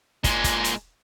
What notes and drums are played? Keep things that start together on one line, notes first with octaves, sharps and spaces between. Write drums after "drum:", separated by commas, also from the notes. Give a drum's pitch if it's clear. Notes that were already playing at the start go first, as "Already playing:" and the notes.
A#2 G#3, drum: kick, hi-hat
drum: kick, hi-hat
drum: hi-hat